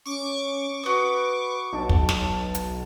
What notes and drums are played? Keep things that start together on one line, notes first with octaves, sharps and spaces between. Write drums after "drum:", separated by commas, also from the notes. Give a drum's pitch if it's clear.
C#4 C#6 D6
F#4 B4 D#6
B1 A5
drum: kick
drum: snare
drum: hi-hat